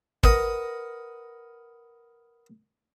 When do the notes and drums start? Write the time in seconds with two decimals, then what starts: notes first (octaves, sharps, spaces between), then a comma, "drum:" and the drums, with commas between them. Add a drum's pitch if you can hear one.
0.23 A#4 B4 D#5 F#5 D#6, drum: kick